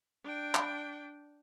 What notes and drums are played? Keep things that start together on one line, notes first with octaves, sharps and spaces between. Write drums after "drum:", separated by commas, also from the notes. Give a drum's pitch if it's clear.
D4 G5
drum: clap